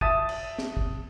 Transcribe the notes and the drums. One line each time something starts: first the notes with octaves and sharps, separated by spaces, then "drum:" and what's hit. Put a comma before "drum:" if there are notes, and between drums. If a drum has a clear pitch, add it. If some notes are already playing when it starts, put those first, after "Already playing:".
E5 A5 D#6 A6 D#7, drum: kick
drum: cymbal
drum: snare
drum: kick